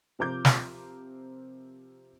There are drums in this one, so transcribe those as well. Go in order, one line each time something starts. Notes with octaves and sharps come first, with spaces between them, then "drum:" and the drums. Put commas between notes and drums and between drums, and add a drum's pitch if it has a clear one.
C3 F3 A#4 C5 D6 G6
drum: snare